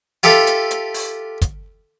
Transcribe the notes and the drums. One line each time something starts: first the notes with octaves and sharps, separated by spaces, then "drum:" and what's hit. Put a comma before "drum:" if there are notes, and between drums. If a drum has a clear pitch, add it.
F4 G4 A4 E5 F5, drum: hi-hat
drum: hi-hat
drum: hi-hat
drum: open hi-hat
drum: kick, hi-hat